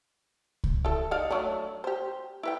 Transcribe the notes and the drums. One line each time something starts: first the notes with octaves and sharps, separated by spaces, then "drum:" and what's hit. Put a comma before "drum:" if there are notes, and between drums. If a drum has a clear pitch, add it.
drum: kick C2
E4 A4
D#4 D5 F5
F#3 A3 D4
G4 C5
E4 B4 G5